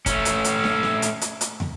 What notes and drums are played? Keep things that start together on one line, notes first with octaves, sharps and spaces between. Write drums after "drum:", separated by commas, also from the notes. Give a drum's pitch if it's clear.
A3 C#4, drum: kick, hi-hat
drum: hi-hat
drum: hi-hat
drum: snare
drum: snare
drum: hi-hat
drum: hi-hat
drum: hi-hat
drum: tom